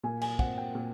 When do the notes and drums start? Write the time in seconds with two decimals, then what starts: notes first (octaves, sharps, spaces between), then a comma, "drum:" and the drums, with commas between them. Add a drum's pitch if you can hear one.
0.03 A#2 G#5
0.21 G#5, drum: cymbal
0.39 C4 F#5, drum: kick
0.58 G5
0.75 A#2